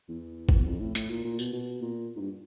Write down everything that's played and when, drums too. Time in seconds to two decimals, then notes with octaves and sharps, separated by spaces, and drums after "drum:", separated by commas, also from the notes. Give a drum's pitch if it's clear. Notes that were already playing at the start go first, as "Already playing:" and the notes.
0.09 E2
0.49 drum: kick
0.58 E2
0.66 F2
0.80 A2
0.95 A2, drum: hi-hat
1.10 A#2
1.24 A#2
1.39 B2, drum: tambourine
1.53 B2
1.82 A#2
2.16 G#2
2.21 G2